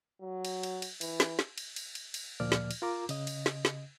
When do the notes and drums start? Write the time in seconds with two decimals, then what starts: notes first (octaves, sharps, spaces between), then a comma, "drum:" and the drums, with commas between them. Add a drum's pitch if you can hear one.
0.21 F#3
0.45 drum: cymbal
0.63 drum: cymbal
0.82 drum: cymbal
1.01 E3, drum: cymbal
1.20 drum: snare
1.39 drum: snare
1.58 drum: cymbal
1.76 drum: cymbal
1.95 drum: cymbal
2.14 drum: cymbal
2.40 D2 A#2 F3 D5 F6
2.52 drum: snare
2.71 drum: cymbal
2.82 F4 A#4 A#5 D6
3.09 C#3 D#5, drum: cymbal
3.27 drum: cymbal
3.46 drum: snare
3.65 drum: snare